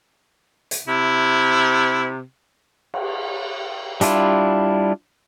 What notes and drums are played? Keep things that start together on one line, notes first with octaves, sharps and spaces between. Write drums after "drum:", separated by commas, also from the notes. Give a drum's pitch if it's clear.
drum: hi-hat
C3 E4
drum: cymbal
G3 D4 E4 F4, drum: hi-hat